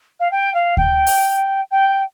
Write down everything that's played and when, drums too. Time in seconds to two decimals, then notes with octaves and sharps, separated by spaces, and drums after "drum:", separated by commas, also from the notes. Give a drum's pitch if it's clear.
0.20 F5
0.31 G5
0.54 F5
0.77 G5, drum: kick D2
1.07 drum: open hi-hat
1.71 G5